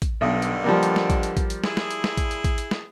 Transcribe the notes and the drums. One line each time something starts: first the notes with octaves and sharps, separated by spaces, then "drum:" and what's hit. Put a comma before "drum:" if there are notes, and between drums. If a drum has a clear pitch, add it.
drum: kick A1, hi-hat
B1 G2 D3 D#3
drum: hi-hat
F3 G3 A#3
drum: hi-hat
drum: snare
drum: kick A1, hi-hat
drum: hi-hat
drum: kick A1, hi-hat
drum: hi-hat
E4 G#4, drum: snare
drum: snare
drum: hi-hat
drum: snare
drum: kick A1, hi-hat
drum: hi-hat
drum: kick A1, hi-hat
drum: hi-hat
drum: snare